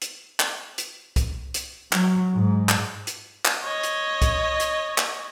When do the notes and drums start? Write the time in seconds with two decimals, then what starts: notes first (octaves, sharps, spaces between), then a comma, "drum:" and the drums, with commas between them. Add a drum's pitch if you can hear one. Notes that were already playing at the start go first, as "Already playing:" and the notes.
0.02 drum: hi-hat
0.40 drum: clap
0.78 drum: hi-hat
1.16 drum: kick C2, hi-hat
1.54 drum: hi-hat
1.93 F#3, drum: clap
2.35 G#2
2.69 drum: clap
3.07 drum: hi-hat
3.45 drum: clap
3.64 C#5 D#5
3.83 drum: hi-hat
4.22 drum: kick C2, hi-hat
4.60 drum: hi-hat
4.98 drum: clap